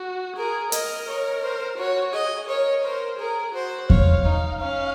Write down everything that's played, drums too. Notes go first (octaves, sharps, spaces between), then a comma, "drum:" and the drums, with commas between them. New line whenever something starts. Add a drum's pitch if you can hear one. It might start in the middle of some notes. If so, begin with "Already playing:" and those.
Already playing: F#4
G#4 A#4
A#4 D#5, drum: hi-hat
C#5
C5
F#4 C#5
G#4 D#5
A#4 C#5
A#4 C5
G#4 A#4
F#4 C5
C#5 F5, drum: kick E2
D#4
C#4 F5